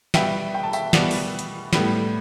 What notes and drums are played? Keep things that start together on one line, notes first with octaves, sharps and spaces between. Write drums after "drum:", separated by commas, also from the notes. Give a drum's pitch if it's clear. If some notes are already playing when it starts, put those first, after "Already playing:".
B2 G3 B3 E5 G5, drum: snare
G5
A5
E5 G5, drum: tambourine
B2 G3 B3 D5 F#5, drum: snare
drum: open hi-hat
drum: hi-hat
A2 G3 B3, drum: snare